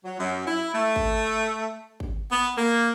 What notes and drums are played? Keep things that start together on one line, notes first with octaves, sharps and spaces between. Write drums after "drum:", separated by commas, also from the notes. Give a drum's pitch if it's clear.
F#3
F#2
E4
A3
drum: kick
drum: kick
B3
A#3